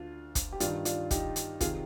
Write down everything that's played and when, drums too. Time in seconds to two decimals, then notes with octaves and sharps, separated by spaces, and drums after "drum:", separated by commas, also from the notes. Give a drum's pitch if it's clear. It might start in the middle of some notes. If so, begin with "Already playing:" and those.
Already playing: D2 D3 D4 F4
0.35 drum: kick, hi-hat
0.52 G4
0.60 G2 D#3 D4 F4, drum: hi-hat
0.85 D4 F4, drum: hi-hat
1.11 D#4 G4, drum: kick, hi-hat
1.36 drum: hi-hat
1.61 C3 D#3 F4 G#4, drum: kick, hi-hat